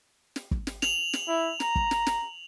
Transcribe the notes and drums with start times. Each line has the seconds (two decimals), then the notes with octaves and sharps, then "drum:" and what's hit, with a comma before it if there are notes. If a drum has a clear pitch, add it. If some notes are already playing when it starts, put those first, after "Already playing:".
0.36 drum: snare
0.51 drum: kick
0.67 drum: snare
0.82 F7 F#7, drum: snare
1.13 drum: snare
1.28 E4
1.60 A#5, drum: snare
1.75 drum: kick
1.91 drum: snare
2.07 drum: snare